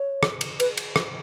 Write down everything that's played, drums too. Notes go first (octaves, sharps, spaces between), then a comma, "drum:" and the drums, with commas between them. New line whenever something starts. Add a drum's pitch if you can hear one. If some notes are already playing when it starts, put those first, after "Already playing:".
Already playing: C#5
drum: rim click
drum: cymbal
B4, drum: cymbal
drum: cymbal
drum: rim click